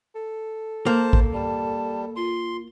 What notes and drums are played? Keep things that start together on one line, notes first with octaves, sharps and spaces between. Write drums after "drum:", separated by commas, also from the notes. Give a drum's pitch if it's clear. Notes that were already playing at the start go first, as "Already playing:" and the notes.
A4
A#3 C5 A5
drum: kick G#1
G3 A5
F4 C6